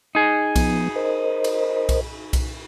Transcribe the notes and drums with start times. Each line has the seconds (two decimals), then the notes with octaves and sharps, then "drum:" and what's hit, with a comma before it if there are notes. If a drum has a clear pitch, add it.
0.15 D#4 G#4
0.56 F3 B3, drum: kick B1, cymbal
0.96 A#4 C5 D#5
1.44 drum: cymbal
1.89 drum: kick B1, cymbal
2.33 drum: kick B1, cymbal